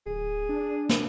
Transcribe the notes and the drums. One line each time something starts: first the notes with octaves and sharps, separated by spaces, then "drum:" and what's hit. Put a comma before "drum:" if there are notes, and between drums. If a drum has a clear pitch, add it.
D1 G#4
D4
drum: snare